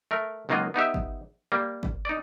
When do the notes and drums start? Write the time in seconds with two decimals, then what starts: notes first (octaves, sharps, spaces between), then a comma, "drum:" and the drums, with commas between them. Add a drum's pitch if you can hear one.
0.11 A3 A#4
0.49 C#2 D#3 F#3 A#3 F4 D#5
0.74 B3 D#4 G4 E5
0.94 drum: kick G#1
1.52 G3 A#3
1.83 drum: kick G#1
2.05 D#4 D5